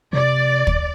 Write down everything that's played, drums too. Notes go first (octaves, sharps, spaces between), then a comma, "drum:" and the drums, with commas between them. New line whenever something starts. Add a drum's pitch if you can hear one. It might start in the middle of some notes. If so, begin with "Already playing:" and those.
C3 D5
drum: kick